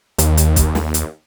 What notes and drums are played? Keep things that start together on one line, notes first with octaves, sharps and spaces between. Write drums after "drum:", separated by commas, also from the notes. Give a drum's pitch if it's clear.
D#2, drum: hi-hat
drum: hi-hat
drum: kick, hi-hat
drum: snare
drum: hi-hat